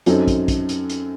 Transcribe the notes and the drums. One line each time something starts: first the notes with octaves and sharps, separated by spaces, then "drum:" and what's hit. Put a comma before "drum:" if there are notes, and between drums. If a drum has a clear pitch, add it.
F#2 F#3 C4 D#4 A4, drum: hi-hat
drum: kick, hi-hat
drum: kick, hi-hat
drum: hi-hat
drum: hi-hat